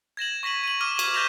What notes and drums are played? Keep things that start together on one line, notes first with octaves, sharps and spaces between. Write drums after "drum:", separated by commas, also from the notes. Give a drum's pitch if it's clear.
G#6 A#6 E7 F#7
C#6 A#6 B6 D#7 F#7
D#7 F#7
C#6 D6 F6 D#7 E7
G#6, drum: cymbal
F6 G6 A#6 B6 E7 F7